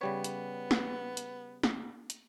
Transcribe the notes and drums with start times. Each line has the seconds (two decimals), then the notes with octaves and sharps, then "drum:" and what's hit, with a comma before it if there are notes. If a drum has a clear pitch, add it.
0.01 C#3 G3 B3 C#5
0.24 drum: hi-hat
0.71 drum: snare
1.17 drum: hi-hat
1.63 drum: snare
2.10 drum: hi-hat